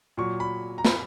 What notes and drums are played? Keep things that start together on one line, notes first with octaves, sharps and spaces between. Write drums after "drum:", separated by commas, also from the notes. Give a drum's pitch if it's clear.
A#2 F#3 C#6
B5
A#5
B5, drum: snare